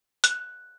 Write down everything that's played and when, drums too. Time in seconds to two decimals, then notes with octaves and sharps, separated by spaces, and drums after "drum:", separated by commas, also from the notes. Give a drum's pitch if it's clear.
0.24 F#6, drum: hi-hat